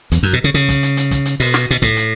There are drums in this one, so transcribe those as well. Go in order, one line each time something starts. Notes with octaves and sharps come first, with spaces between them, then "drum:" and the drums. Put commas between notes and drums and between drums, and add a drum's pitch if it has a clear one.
E2, drum: hi-hat
F#2
B2
C#3
C#3, drum: hi-hat
drum: kick, hi-hat
drum: hi-hat
drum: hi-hat
drum: kick, hi-hat
drum: hi-hat
B2, drum: open hi-hat
drum: snare
B2, drum: hi-hat
A2, drum: kick, hi-hat
drum: hi-hat